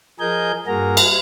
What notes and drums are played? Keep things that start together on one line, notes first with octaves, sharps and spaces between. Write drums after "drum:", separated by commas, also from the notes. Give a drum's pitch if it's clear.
F3 G#4 A#4 D#5 G#5 G6
G2 A#3 F#4 G#4 A#4 A#5
drum: cymbal